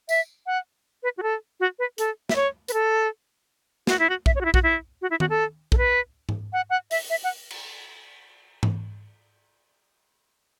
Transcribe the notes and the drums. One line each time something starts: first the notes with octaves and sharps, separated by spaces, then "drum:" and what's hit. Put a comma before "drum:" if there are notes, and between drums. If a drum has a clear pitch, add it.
E5, drum: tambourine
F#5
B4
F#4
A4
F#4
B4
A4, drum: hi-hat
E5, drum: snare
C#5
B4, drum: hi-hat
A4
F#4, drum: snare
E4
F#4
E5, drum: kick A#1
C#5
F#4
E4
F#4, drum: kick A#1
E4
F#4
E4
F#4, drum: tom D#3
A4
A4, drum: kick A#1
B4
drum: tom G#2
F#5
F#5
E5, drum: open hi-hat
E5
F#5
drum: cymbal
drum: tom G#2